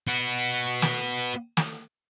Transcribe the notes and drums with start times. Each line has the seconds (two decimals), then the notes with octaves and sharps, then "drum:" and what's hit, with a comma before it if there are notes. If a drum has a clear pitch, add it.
0.07 B3 F#4
0.82 drum: snare
1.57 drum: snare